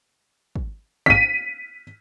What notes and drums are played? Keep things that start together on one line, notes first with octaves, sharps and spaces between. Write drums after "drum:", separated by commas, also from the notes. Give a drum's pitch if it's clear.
drum: kick
B6 D#7, drum: kick